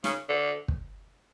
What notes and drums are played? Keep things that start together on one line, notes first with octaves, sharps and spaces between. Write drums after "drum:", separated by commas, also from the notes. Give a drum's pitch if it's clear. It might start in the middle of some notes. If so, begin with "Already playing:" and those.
C#3, drum: snare
D3
drum: kick